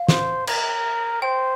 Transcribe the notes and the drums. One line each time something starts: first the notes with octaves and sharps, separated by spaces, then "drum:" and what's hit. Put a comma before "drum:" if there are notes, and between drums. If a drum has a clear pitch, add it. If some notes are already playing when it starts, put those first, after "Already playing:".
Already playing: F5
C5, drum: snare
A#4, drum: cymbal
C5 G5